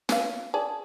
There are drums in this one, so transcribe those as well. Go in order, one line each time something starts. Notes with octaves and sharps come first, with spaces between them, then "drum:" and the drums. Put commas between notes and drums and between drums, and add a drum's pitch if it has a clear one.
C#4 B4 F5, drum: snare
G#4 D5 A5